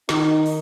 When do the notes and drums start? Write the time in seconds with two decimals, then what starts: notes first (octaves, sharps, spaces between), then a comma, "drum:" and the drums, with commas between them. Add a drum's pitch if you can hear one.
0.09 D#3 D#4, drum: snare
0.46 drum: open hi-hat